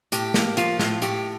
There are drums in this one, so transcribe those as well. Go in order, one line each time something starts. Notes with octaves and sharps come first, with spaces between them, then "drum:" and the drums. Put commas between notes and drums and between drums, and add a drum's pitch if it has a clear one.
A2 G4, drum: hi-hat
A#3, drum: snare
F3 F4, drum: hi-hat
A2 F4, drum: snare
A2 G4, drum: hi-hat